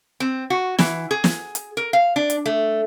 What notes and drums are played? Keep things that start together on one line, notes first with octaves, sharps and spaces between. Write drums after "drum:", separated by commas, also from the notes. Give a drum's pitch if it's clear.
C4
F#4
E3, drum: snare
G#4
drum: snare
drum: hi-hat
A#4
F5
D4
drum: hi-hat
A3